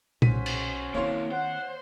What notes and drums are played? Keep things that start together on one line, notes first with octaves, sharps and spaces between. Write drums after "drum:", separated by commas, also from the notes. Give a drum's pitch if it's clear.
B1 C#4 F#4 C5 B6 D#7, drum: tom A#2
drum: cymbal
D#3 A#3 C4 E4 C#5 F5 C6
C5 F#5